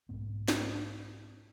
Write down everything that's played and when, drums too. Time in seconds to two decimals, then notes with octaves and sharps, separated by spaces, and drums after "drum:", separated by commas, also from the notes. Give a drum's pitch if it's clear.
0.09 B1 G#2 B3 C4
0.48 drum: snare